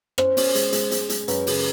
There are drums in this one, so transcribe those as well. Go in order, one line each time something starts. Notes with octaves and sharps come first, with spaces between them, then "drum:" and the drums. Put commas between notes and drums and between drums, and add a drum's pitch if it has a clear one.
C#4 C5, drum: rim click
C#4, drum: open hi-hat
G#3, drum: hi-hat
G#3, drum: hi-hat
G#3, drum: hi-hat
G#3, drum: hi-hat
F#2 B4, drum: hi-hat
C#3, drum: open hi-hat